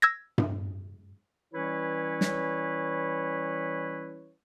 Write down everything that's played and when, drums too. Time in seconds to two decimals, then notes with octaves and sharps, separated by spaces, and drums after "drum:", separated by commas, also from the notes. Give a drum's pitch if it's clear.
0.02 E6 G#6 A#6
0.38 drum: tom G2
1.53 E3 G3 C#4 E4 B4 C#5
2.21 drum: snare